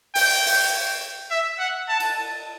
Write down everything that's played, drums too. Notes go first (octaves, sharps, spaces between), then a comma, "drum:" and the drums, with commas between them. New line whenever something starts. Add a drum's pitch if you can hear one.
G5, drum: open hi-hat
drum: open hi-hat
E5
F#5
A5
drum: cymbal